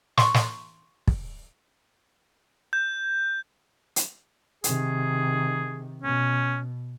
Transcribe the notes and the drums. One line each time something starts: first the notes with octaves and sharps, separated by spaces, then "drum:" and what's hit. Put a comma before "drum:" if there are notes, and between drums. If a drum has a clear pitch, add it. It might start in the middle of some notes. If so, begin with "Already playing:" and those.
C6 C#6, drum: snare
drum: snare
drum: kick
G6
drum: hi-hat
C3 D#3 G#4, drum: hi-hat
B2 C#4